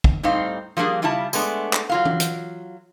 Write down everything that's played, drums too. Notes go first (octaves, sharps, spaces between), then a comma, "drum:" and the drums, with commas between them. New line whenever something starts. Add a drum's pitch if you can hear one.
drum: kick
A2 G3 C4 D#4 C5 F5
F3 G3 A#3 D4 G#4
C#3 G3 E4 F4 A5
G#3 A3 B3 D4, drum: tambourine
drum: clap
F#3 F4 F5
drum: tom E3
drum: hi-hat